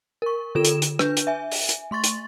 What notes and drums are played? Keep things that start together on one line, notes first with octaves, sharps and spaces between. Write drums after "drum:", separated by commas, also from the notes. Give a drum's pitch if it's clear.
A#4 C#6
D3 F4 A4 E7
drum: hi-hat
drum: hi-hat
D4 B4 G6, drum: rim click
drum: hi-hat
E5 G#5
drum: open hi-hat
drum: hi-hat
A3 C6 C#6 A6
drum: hi-hat